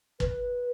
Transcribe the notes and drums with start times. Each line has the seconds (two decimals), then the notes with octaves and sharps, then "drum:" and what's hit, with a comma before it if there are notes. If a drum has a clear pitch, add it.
0.20 B4, drum: kick